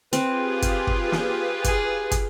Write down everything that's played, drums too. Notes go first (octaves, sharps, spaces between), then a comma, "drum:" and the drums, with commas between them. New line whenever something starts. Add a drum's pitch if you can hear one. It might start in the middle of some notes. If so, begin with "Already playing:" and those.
C4 F4 G4 G#4 B4, drum: hi-hat
drum: kick, hi-hat
drum: kick
drum: snare
G#4, drum: kick, hi-hat
drum: kick, hi-hat